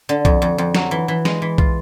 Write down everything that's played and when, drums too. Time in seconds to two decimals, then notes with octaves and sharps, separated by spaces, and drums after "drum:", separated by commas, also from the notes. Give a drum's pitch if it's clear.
0.09 D3
0.25 F2, drum: kick B1
0.42 F2
0.58 F2
0.75 F#3, drum: snare
0.91 E3
1.08 E3
1.25 G#3, drum: snare
1.42 E3
1.58 F4, drum: kick B1